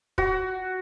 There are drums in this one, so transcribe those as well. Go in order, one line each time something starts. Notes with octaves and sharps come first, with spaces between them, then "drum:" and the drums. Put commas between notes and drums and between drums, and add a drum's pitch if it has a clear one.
F#4, drum: kick